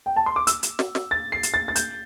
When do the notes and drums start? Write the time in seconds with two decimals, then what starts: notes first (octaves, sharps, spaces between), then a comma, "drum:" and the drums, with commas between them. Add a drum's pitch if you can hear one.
0.06 G5
0.16 A5
0.26 C6
0.36 D6
0.47 E6, drum: hi-hat
0.63 drum: hi-hat
0.79 drum: snare
0.95 drum: snare
1.11 A6
1.32 C7
1.43 drum: hi-hat
1.54 A6
1.68 A6
1.76 G6, drum: hi-hat